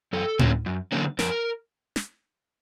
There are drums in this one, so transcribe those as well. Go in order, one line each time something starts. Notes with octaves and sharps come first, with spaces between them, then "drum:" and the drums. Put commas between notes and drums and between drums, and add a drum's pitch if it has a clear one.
F#2 A4
D3 F#3 A#3 C#4, drum: tom A2
F#2
D3 F#3 A#3 C#4
F2 A#4, drum: snare
drum: snare